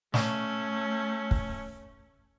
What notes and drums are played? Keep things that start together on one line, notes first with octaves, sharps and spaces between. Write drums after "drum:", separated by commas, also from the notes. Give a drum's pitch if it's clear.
A3 C#4, drum: snare
drum: kick